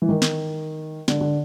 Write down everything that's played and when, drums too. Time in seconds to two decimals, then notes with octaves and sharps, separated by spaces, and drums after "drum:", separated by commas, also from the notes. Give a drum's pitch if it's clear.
0.02 E3
0.09 D#3
0.22 drum: snare
1.08 D3, drum: snare
1.21 D3